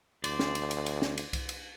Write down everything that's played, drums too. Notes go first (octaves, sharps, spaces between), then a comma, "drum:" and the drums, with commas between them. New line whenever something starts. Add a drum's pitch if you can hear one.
D2 C5 D5, drum: cymbal
drum: snare
drum: cymbal
drum: cymbal
drum: cymbal
drum: snare
drum: cymbal
drum: kick C2, cymbal
drum: cymbal